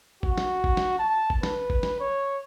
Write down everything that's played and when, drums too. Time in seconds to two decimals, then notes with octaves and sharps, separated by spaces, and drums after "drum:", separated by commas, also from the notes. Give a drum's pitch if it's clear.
0.23 F#4, drum: kick G#1
0.38 drum: snare
0.64 drum: kick G#1
0.77 drum: snare
0.99 A5
1.30 drum: kick G#1
1.43 B4, drum: snare
1.70 drum: kick G#1
1.83 drum: snare
2.00 C#5